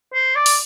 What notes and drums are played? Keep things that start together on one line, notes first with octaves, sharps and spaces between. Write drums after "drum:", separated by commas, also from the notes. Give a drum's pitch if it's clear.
C5
D5
drum: open hi-hat